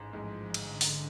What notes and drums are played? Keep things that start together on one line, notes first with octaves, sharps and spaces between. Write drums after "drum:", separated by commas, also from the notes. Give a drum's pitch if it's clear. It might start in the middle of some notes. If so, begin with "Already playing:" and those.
Already playing: A1 G#2 G#3
A1 G#2 F3 G#3
D3, drum: cymbal
drum: open hi-hat